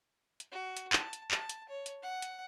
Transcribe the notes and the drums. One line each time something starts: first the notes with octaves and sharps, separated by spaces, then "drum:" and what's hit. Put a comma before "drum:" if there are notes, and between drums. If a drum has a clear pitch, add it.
drum: hi-hat
F#4
drum: hi-hat
A5, drum: clap
drum: hi-hat
A5, drum: clap
drum: hi-hat
C#5
drum: hi-hat
F#5
drum: hi-hat